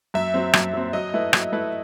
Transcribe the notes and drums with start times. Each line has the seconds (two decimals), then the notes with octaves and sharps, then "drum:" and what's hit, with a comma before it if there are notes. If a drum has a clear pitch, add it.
0.14 F#2 E5
0.34 F#3 C4
0.53 F#2, drum: rim click
0.73 F#3 C4
0.93 F#3 D#5
1.14 A3 E4 B4
1.33 F#3 E5, drum: rim click
1.52 A3 E4 B4